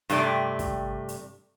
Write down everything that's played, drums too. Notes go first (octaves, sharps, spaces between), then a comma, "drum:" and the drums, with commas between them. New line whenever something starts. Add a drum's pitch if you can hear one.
G2 C3 A3 D5, drum: hi-hat
drum: kick, hi-hat
drum: hi-hat